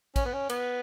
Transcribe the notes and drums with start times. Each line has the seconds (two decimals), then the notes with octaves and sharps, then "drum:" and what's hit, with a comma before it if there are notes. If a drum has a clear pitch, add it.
0.16 C#4, drum: kick, cymbal
0.26 B3
0.33 C#4
0.50 B3, drum: cymbal